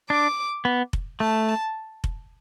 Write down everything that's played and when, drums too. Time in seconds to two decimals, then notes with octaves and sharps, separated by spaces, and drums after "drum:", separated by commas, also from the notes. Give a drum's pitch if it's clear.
0.10 D4 D6
0.65 B3
0.93 drum: kick F1
1.20 A3 A5
2.04 drum: kick F1